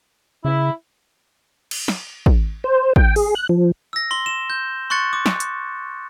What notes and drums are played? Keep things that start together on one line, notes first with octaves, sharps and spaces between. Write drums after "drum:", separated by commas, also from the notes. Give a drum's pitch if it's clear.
C#3 E4
drum: cymbal
drum: snare
drum: kick
C5
G5, drum: kick
G#4, drum: open hi-hat
F#6
F3
E6 A#6
C6 G7
E7
G6
C6 C#6 F#6 A6 C#7
D6
drum: snare
drum: hi-hat